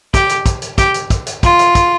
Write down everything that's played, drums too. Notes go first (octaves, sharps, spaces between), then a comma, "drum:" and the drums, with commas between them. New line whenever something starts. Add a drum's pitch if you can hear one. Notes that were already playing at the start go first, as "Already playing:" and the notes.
G4, drum: kick, hi-hat
drum: hi-hat
drum: kick, hi-hat
drum: hi-hat
G4, drum: kick, hi-hat
drum: hi-hat
drum: kick, hi-hat
drum: hi-hat
F4, drum: kick, hi-hat
drum: hi-hat
drum: kick, hi-hat